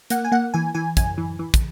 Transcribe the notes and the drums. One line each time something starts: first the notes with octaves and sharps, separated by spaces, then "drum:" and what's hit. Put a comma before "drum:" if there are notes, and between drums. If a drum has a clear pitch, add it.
A#3 F#5, drum: hi-hat
G#5
A#3 F#5
E3 G#5
E3 G#5
F#2 G#5, drum: kick, hi-hat
E3
E3
drum: kick, hi-hat